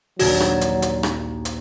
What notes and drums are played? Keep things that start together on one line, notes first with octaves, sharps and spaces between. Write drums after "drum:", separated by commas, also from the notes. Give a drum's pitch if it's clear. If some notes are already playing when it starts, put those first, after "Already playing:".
A#1 D#2 F#3 F#4 C5 G#6 A6, drum: open hi-hat
drum: rim click
drum: hi-hat
drum: hi-hat
drum: rim click
drum: hi-hat